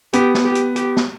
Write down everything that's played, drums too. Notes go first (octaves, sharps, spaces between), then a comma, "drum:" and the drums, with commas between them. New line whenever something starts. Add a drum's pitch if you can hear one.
B3 G4, drum: hi-hat
drum: snare
G4
drum: hi-hat
G4, drum: hi-hat
drum: snare